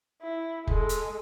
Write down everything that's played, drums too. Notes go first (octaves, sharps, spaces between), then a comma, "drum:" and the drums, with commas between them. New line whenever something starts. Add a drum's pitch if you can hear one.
E4
G#3 A4, drum: kick F1
drum: hi-hat